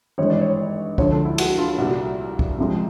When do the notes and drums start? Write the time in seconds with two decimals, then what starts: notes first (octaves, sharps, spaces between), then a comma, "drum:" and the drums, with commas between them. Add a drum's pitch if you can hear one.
0.18 G#1 G2 E3 G#3 C#5
0.30 D5
0.41 C#5
0.98 D2 D3 F3 G#3 C#5, drum: kick C#2
1.11 A4
1.25 E4
1.38 F#4, drum: cymbal
1.58 F4
1.78 C2 A#2 G3 F#4
2.39 drum: kick C#2
2.58 C2 C3 F3 G#3